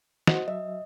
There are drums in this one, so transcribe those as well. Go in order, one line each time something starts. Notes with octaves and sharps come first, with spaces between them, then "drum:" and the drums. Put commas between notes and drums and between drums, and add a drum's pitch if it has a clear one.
F#4 C5 D#5 F#5, drum: snare
F#3 D#5 E5